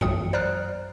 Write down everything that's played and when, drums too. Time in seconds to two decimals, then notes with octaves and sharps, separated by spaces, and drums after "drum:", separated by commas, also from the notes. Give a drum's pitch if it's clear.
0.01 A#1 F#3 D#6 C#7, drum: tom F#2
0.33 C5 D5 A#5 F6 F#6